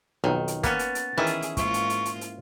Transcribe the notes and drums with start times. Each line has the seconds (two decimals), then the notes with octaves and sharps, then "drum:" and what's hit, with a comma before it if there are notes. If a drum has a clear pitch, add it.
0.24 B1 F2 D#3
0.48 drum: hi-hat
0.63 A#3 B3 C#4 A6, drum: kick, hi-hat
0.79 drum: hi-hat
0.95 drum: hi-hat
1.18 D#3 E3 C#4 E4 G#4
1.27 drum: hi-hat
1.42 drum: hi-hat
1.57 G#2 A#3 F4 C#6, drum: kick, hi-hat
1.74 drum: hi-hat
1.90 drum: hi-hat
2.05 drum: hi-hat
2.21 drum: hi-hat